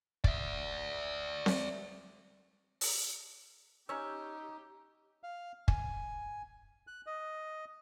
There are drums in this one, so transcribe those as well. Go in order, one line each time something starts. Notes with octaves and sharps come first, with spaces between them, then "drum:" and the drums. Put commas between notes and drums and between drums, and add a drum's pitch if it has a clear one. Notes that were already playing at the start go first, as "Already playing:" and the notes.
D5 E5, drum: kick
drum: snare C4
drum: open hi-hat
C#4 D#4 G4 C#5 E6
F5
G#5, drum: kick
F#6
D#5